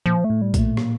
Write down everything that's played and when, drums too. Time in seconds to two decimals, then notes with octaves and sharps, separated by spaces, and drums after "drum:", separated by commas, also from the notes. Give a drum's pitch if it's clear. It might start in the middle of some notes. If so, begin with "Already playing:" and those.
0.06 A#2 F3
0.24 A3
0.30 A2
0.42 G3
0.54 A#2, drum: kick, hi-hat
0.59 A3
0.77 A#3, drum: rim click